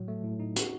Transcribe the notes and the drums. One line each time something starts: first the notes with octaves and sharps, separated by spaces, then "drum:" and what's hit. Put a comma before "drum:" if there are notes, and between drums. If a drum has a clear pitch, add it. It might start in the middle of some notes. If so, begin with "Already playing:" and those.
Already playing: A2 F#3
A3
A2
D#4
F#4, drum: hi-hat